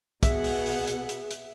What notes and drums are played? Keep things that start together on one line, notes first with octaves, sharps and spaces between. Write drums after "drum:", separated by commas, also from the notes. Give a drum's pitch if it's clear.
B2 G#4 E5 F#5, drum: kick, hi-hat
drum: open hi-hat
drum: open hi-hat
drum: hi-hat
drum: hi-hat
drum: hi-hat